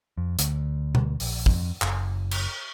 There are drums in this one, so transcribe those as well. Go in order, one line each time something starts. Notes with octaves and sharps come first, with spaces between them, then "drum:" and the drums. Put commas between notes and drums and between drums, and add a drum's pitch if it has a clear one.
F2
D2, drum: hi-hat
drum: tom B2
A#1, drum: open hi-hat
F2, drum: kick
F#1, drum: clap
drum: cymbal